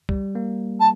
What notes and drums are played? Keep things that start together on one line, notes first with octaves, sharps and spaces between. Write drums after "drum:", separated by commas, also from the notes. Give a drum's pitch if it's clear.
G3, drum: kick
A#3
A5